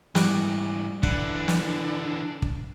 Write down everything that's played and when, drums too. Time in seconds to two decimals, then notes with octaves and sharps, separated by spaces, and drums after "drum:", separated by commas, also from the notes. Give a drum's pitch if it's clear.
0.15 G#2 E3 G3 F#4 D5, drum: snare
1.03 D3 E3 D4 F#5, drum: kick
1.48 drum: snare
2.42 drum: kick